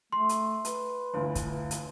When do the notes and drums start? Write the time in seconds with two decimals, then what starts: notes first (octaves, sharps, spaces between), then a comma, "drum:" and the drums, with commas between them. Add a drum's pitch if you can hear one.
0.12 A3 C6
0.29 drum: hi-hat
0.65 B4, drum: hi-hat
1.14 G1 D2 E3
1.35 drum: kick, hi-hat
1.71 drum: hi-hat